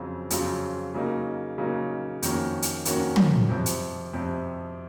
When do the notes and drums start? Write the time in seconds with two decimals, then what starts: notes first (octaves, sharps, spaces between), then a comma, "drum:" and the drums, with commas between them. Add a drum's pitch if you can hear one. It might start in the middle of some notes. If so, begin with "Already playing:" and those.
Already playing: F2 C#3 F#3 C4 F4
0.30 F2 C#3 F#3 C4 F4, drum: hi-hat
0.94 C#3 F#3 A#3 D#4
1.58 C#3 F#3 A#3 D#4
2.22 F2 D#3 A#3 C#4 F#4, drum: hi-hat
2.62 drum: hi-hat
2.85 F2 D#3 A#3 C#4 F#4, drum: hi-hat
3.16 drum: tom
3.49 F2 C3 F3
3.66 drum: hi-hat
4.14 F2 C3 F3